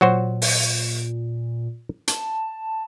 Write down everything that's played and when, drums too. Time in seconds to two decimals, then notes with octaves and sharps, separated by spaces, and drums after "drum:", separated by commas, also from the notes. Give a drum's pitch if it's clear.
0.01 A#2 F#3 F#4 C5
0.42 drum: open hi-hat
2.08 A5, drum: hi-hat